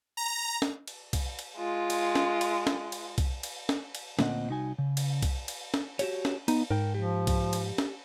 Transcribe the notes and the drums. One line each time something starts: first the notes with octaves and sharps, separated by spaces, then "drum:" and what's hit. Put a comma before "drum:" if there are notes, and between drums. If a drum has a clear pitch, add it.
A#5
drum: snare
drum: cymbal
drum: kick, cymbal
drum: cymbal
G#3 F4
drum: cymbal
drum: snare
drum: cymbal
drum: snare
drum: cymbal
drum: kick, cymbal
drum: cymbal
drum: snare
drum: cymbal
D2 A#2 C4 D#5 F#5, drum: snare
C2 D#4 F#4 G#5
C#3
drum: cymbal
drum: kick, cymbal
drum: cymbal
drum: snare
F#4 G4 C#5, drum: cymbal
drum: snare
B3 D#4, drum: cymbal
G#2 A#4 G5
F3 G4
drum: kick, cymbal
drum: cymbal
drum: snare